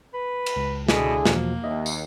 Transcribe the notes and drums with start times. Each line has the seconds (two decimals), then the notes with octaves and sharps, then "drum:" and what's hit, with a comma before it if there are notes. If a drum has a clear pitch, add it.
0.13 B4
0.46 drum: cymbal
0.56 C#2
0.89 B2 D3 E4 G#4, drum: snare
1.26 E2 B2 F3 A#3, drum: snare
1.64 D#2 D#5 E5
1.86 drum: tambourine